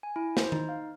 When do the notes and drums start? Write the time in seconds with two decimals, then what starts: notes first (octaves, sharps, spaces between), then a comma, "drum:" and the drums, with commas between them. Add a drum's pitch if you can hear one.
0.03 G#5
0.16 E4
0.37 C5, drum: snare
0.52 D#4, drum: tom D#3
0.69 F5